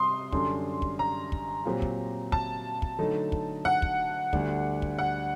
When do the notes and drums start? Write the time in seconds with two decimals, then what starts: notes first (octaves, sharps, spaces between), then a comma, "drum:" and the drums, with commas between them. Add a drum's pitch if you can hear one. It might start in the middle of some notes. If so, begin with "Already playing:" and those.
Already playing: C3 G3 C4 C6 D#6
0.32 F#2 D3 G3 D4, drum: kick
0.82 drum: kick
0.99 A#5
1.32 drum: kick
1.65 A#2 F#3 C4 G4
1.82 drum: kick
2.32 A5, drum: kick
2.82 drum: kick
2.98 D3 F#3 A3 D#4
3.32 drum: kick
3.65 F#5
3.82 drum: kick
4.33 D2 D3 G3 D4, drum: kick
4.82 drum: kick
4.99 F#5